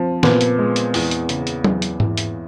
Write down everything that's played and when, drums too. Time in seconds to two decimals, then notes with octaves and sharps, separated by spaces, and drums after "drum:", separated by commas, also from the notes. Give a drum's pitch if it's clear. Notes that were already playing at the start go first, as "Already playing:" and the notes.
Already playing: F3 C4 C5
0.23 A#2 B3 B4, drum: snare
0.41 drum: hi-hat
0.59 G#3
0.76 drum: hi-hat
0.94 E2, drum: open hi-hat
1.11 drum: hi-hat
1.29 C#3, drum: hi-hat
1.47 drum: hi-hat
1.64 E2, drum: tom F#3
1.82 drum: hi-hat
2.00 E3, drum: tom G#2
2.17 drum: hi-hat